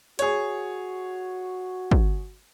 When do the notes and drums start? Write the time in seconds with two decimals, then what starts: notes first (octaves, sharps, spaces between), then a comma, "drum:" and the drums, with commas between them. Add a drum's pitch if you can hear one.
0.19 F#4 G#4 C#5, drum: hi-hat
1.91 drum: kick